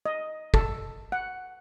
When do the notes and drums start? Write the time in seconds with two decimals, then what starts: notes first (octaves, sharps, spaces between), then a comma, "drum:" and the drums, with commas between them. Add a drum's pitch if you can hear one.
0.06 D#5
0.54 A4, drum: kick
1.12 F#5